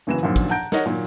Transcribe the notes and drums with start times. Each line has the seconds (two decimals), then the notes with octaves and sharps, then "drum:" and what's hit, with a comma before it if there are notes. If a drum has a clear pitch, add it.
0.07 F#1 C#3 E3 F#3 E7
0.23 F#2 A#2 D3 D#3 F3
0.36 drum: kick, hi-hat
0.50 F#5 A5 A#5 G6 D7
0.72 D#4 A#4 C#5 D#5 F#5, drum: snare
0.86 A#2 D#3 F#3